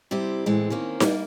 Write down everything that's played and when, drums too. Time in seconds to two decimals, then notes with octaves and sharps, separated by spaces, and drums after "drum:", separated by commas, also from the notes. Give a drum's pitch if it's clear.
0.11 C3 G3 C4 E4 G4
0.46 A2 E3 G#3 C4
0.70 D#3 A#3 C4 C#4
1.00 G3 A#3, drum: snare D#4